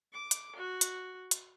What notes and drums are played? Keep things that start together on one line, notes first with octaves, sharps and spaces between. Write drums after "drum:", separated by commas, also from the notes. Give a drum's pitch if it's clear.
D6
drum: hi-hat
F#4
drum: hi-hat
drum: hi-hat